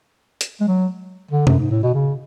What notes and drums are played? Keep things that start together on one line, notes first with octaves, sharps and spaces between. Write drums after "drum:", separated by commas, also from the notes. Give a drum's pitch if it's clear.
drum: hi-hat
G#3
F#3
D3
F#2, drum: tom C3
G#2
A2
B2
C#3